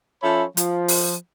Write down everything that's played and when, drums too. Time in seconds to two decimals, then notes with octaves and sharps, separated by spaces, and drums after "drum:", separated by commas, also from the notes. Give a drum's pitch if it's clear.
0.23 F3 C#4 A4 C#5 E5 B5
0.57 F3, drum: hi-hat
0.88 drum: open hi-hat